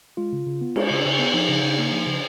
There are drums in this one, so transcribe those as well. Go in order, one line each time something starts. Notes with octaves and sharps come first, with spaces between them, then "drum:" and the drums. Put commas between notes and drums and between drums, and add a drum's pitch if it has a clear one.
G#3 F4
C#3
C#3
B3
G#3, drum: cymbal
C#3
C#3
B3
F3 D#4
C#3
C#3
A#3
F3
C#3